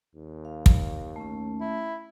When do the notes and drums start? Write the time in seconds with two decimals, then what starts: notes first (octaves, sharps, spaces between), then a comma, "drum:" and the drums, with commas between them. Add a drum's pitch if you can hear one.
0.15 D#2
0.45 F5
0.66 drum: kick
1.16 A3 C#4
1.60 E4